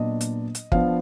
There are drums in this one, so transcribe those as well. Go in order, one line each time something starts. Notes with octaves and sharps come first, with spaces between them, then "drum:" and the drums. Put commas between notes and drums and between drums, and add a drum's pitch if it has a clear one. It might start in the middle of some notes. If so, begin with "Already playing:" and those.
Already playing: A#2 F#3 B3 D4 D#5
drum: hi-hat
drum: hi-hat
F3 B3 D4 F5, drum: kick